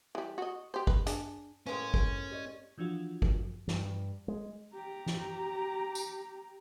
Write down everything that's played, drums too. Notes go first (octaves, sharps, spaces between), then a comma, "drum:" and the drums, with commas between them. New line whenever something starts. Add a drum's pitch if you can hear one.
E3 G3
F#4 D#5
G4 C5
B4, drum: kick G1
D4 G#4, drum: hi-hat
A2 G#3 A#3 C#4 B4 C5 G#5
drum: kick G1
G4 D5 D#5
E3 F3 D4 F4 F#4
drum: kick G1
G2, drum: snare
G#3
G4 A#5
drum: snare
drum: tambourine